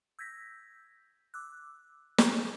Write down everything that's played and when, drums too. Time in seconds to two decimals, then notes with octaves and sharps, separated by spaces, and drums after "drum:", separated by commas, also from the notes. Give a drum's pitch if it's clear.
0.19 E6 G6 G#6 A#6 B6
1.34 D6 E6 F#6
2.18 drum: snare